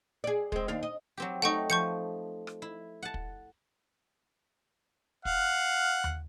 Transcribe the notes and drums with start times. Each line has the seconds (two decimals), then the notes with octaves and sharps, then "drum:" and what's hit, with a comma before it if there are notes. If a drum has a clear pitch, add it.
0.24 G#4 D5
0.52 G#3 C4, drum: kick
0.68 D#2 D4 F5
0.83 D#5
1.17 F#3 C4 G4
1.42 A3 D#4 F#5 G5 C#6
1.70 F3 C#6 G6 C#7
2.47 drum: rim click
2.62 E4
3.02 F#5 A5
3.14 drum: kick
5.25 F5 F#5, drum: kick
6.04 drum: tom D#2